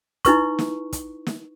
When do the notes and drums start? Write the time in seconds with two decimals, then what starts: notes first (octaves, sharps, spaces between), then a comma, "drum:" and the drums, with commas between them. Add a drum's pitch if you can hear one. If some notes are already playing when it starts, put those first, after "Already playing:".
0.25 D#4 E4 B4 C#6, drum: kick, hi-hat
0.59 drum: snare
0.93 drum: kick, hi-hat
1.27 drum: snare